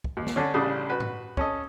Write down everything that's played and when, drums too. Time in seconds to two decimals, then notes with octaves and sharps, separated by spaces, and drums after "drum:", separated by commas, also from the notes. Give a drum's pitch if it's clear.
0.04 drum: kick
0.17 D#2
0.27 drum: snare
0.36 D3 C#4
0.54 A1 C#3 G3 D4 D#6
0.90 F#4 B4
1.00 drum: tom G2
1.37 C#4 A4 D#5, drum: kick